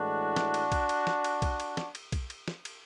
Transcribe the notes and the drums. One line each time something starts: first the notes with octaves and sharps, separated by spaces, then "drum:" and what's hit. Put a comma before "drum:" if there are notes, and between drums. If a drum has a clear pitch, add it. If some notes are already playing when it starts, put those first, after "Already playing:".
Already playing: A2 E3 G#3 D4 F#4
drum: snare
drum: cymbal
drum: kick B1, cymbal
drum: cymbal
drum: snare
drum: cymbal
drum: kick B1, cymbal
drum: cymbal
drum: snare
drum: cymbal
drum: kick B1, cymbal
drum: cymbal
drum: snare
drum: cymbal